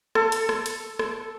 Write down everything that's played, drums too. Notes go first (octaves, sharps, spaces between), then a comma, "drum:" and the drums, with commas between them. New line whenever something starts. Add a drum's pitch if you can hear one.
A4, drum: rim click
drum: hi-hat
drum: rim click
drum: hi-hat
drum: rim click